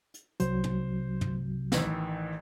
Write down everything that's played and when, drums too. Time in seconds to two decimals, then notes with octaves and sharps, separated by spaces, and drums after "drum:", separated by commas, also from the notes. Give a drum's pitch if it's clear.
0.14 drum: hi-hat
0.40 C2 C3 F#3 C5, drum: hi-hat
0.64 drum: tom
1.21 drum: tom
1.72 A1 D#3 E3, drum: snare